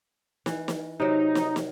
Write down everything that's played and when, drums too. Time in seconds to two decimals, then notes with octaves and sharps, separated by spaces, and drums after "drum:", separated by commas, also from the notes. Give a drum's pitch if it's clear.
0.46 E3, drum: snare
0.68 drum: snare
1.00 C3 F#3 D#4
1.35 D#5, drum: snare
1.56 drum: snare